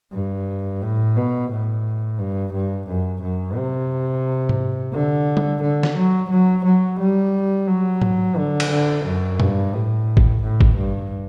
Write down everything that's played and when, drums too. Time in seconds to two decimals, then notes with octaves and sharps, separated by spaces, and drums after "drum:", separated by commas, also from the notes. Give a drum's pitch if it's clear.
0.12 G2
0.82 A2
1.16 B2
1.51 A2
2.19 G2
2.53 G2
2.87 F#2
3.22 F#2
3.56 C3
4.49 drum: tom G#2
4.93 D3
5.37 drum: tom G3
5.62 D3
5.83 drum: snare
5.96 F#3
6.30 F#3
6.65 F#3
6.99 G3
7.68 F#3
8.01 drum: tom G#2
8.36 D3
8.60 drum: cymbal
8.70 D3
9.05 F#2
9.40 G2, drum: tom A#2
9.74 A2
10.17 drum: kick
10.42 A2
10.61 drum: kick
10.77 G2